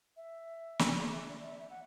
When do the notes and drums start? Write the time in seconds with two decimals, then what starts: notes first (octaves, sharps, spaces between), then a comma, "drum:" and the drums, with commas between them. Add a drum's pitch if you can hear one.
0.17 E5
0.79 drum: snare
1.13 E5
1.29 D5
1.40 D5
1.44 E5
1.60 E5
1.70 F#5